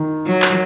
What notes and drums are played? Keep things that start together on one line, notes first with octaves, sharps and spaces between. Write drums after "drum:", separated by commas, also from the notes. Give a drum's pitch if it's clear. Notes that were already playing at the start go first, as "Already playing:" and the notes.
Already playing: D#3
F#3
drum: clap